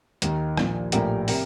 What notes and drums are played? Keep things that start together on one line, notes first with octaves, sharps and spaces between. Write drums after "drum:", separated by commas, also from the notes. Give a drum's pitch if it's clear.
D#2 D#3, drum: hi-hat
A#1 A#2 F3, drum: rim click
A#1 A2 F3 G4 A#4, drum: hi-hat
C3 G4 A#4, drum: open hi-hat